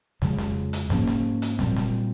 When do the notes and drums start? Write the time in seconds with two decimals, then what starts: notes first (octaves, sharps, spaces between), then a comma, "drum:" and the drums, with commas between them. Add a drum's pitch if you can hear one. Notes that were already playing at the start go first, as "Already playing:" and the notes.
0.22 F2 C#3 F3 G#3, drum: snare
0.38 drum: snare
0.73 drum: hi-hat
0.90 G#2 F3 A#3 C#4, drum: snare
1.07 drum: snare
1.42 drum: hi-hat
1.59 A#2 G3 C4, drum: snare
1.76 drum: snare